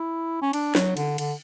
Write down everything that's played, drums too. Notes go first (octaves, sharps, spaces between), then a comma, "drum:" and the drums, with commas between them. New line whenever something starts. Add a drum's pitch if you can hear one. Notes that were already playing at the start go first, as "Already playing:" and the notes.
Already playing: E4
C#4
D4, drum: cymbal
F#3, drum: snare
D3, drum: cymbal
D3, drum: cymbal